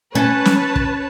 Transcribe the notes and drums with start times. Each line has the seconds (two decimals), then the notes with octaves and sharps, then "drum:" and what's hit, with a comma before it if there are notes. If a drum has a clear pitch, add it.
0.15 C#4 B4 C#5 A5
0.45 drum: snare
0.76 drum: kick